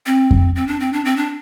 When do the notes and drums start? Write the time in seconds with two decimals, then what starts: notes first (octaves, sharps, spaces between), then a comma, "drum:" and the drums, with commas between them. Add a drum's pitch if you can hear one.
0.06 C4
0.31 drum: kick F2
0.56 C4
0.67 D4
0.80 C4
0.93 D4
1.05 C4
1.17 D4